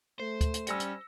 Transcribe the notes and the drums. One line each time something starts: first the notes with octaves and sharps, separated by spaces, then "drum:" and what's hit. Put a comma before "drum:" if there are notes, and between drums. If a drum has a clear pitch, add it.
A3 C5
drum: kick D2, hi-hat
drum: hi-hat
G3 C#4 E6 A#6 C#7, drum: hi-hat
drum: hi-hat